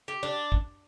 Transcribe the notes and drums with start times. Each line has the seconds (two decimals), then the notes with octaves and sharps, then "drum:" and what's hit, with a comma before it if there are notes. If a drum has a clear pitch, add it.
0.08 G4
0.23 D4
0.52 drum: kick